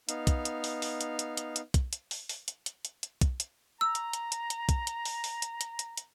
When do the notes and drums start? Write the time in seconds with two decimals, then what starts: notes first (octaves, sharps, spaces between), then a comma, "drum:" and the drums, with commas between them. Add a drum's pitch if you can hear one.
0.09 B3 D#4 F5, drum: hi-hat
0.27 drum: kick, hi-hat
0.45 drum: hi-hat
0.64 drum: open hi-hat
0.82 drum: open hi-hat
1.01 drum: hi-hat
1.19 drum: hi-hat
1.37 drum: hi-hat
1.56 drum: hi-hat
1.74 drum: kick, hi-hat
1.93 drum: hi-hat
2.11 drum: open hi-hat
2.29 drum: open hi-hat
2.48 drum: hi-hat
2.66 drum: hi-hat
2.85 drum: hi-hat
3.03 drum: hi-hat
3.21 drum: kick, hi-hat
3.40 drum: hi-hat
3.81 A#5 E6
3.95 drum: hi-hat
4.13 drum: hi-hat
4.32 drum: hi-hat
4.50 drum: hi-hat
4.69 drum: kick, hi-hat
4.87 drum: hi-hat
5.05 drum: open hi-hat
5.24 drum: open hi-hat
5.42 drum: hi-hat
5.61 drum: hi-hat
5.79 drum: hi-hat
5.97 drum: hi-hat